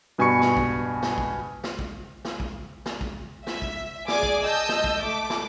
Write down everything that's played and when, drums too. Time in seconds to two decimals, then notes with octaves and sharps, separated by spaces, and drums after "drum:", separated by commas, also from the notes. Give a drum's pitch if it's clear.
0.18 G2 B2 G#5 B5 C#6 C#7
0.41 drum: snare
0.57 drum: kick
1.03 drum: snare
1.18 drum: kick
1.64 drum: snare
1.79 drum: kick
2.25 drum: snare
2.40 drum: kick
2.86 drum: snare
3.01 drum: kick
3.47 E5, drum: snare
3.62 drum: kick
4.08 G#4 D5 G#5 D6, drum: snare
4.23 drum: kick
4.44 D#5 A5 E6 G6
4.69 drum: snare
4.84 drum: kick
5.00 A3 D6
5.30 drum: snare